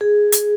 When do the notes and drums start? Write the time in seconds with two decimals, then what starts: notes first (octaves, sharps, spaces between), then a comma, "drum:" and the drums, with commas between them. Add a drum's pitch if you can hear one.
0.01 G#4
0.32 drum: hi-hat